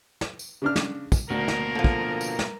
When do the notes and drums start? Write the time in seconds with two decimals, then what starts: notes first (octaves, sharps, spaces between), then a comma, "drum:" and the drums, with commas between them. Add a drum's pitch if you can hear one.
0.21 drum: snare
0.39 drum: tambourine
0.62 C#3 D4 F6
0.76 drum: snare
1.12 drum: kick, tambourine
1.30 D2 B2 A#3 A#4
1.48 drum: snare
1.75 D3 F3
1.84 drum: kick
2.21 drum: tambourine
2.39 drum: snare